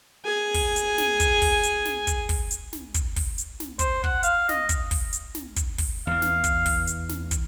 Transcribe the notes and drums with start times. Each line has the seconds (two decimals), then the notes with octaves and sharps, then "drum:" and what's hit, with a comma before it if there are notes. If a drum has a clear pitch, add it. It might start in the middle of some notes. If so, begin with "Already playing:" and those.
0.25 G#4 G#5
0.54 drum: kick, open hi-hat
0.76 drum: hi-hat
0.98 drum: snare
1.20 drum: kick, hi-hat
1.42 drum: kick, open hi-hat
1.63 drum: hi-hat
1.85 drum: snare
2.07 drum: kick, hi-hat
2.29 drum: kick, open hi-hat
2.51 drum: hi-hat
2.73 drum: snare
2.94 drum: kick, hi-hat
3.16 drum: kick, open hi-hat
3.38 drum: hi-hat
3.60 drum: snare
3.79 C5, drum: kick, hi-hat
4.04 F#5, drum: kick
4.23 F5, drum: hi-hat
4.49 D#5, drum: snare
4.69 drum: kick, hi-hat
4.91 drum: kick, open hi-hat
5.13 drum: hi-hat
5.35 drum: snare
5.56 drum: kick, hi-hat
5.78 drum: kick, open hi-hat
6.07 E2 E3 F5
6.22 drum: snare
6.44 drum: kick, hi-hat
6.66 drum: kick, open hi-hat
6.87 drum: hi-hat
7.09 drum: snare
7.31 drum: kick, hi-hat